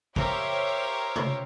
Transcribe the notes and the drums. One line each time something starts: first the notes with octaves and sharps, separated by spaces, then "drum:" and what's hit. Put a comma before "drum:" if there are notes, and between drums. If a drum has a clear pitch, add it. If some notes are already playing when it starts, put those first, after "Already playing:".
G4 A#4 C5 C#5 E5 F5, drum: kick
drum: tom C3